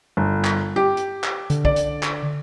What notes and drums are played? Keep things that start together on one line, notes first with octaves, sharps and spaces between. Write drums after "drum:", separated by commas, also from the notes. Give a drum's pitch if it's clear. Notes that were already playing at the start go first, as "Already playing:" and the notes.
G1
drum: clap
G4
drum: hi-hat
drum: clap
D3, drum: hi-hat
D5, drum: kick
drum: hi-hat
drum: clap